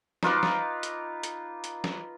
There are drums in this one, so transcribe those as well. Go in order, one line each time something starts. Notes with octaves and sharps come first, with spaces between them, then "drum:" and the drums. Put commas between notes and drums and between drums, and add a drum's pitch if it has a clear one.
D#4 F4 B4 D6, drum: snare
drum: snare
drum: hi-hat
drum: hi-hat
drum: hi-hat
drum: snare